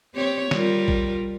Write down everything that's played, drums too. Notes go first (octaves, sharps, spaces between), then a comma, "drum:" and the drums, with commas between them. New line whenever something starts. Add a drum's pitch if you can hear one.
C4 G4 C#5
G3 F4 A#4, drum: snare
drum: kick